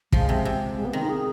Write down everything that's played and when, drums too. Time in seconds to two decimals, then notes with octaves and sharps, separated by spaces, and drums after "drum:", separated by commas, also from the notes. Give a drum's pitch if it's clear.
0.13 F3 G#3, drum: kick
0.29 C3
0.45 C3
0.77 G#3
0.85 B3
0.93 D#3 C4
1.01 D#4
1.09 G#4